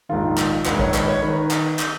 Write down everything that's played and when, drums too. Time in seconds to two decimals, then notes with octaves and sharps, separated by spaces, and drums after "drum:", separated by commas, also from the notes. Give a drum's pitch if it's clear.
0.09 A#1 G#2 D#3 F4
0.38 drum: clap
0.66 A#1 G#2 D#3 B4, drum: clap
0.79 C#5, drum: kick
0.94 B4, drum: clap
1.08 C#5
1.22 D#3 B4
1.51 drum: clap
1.79 drum: clap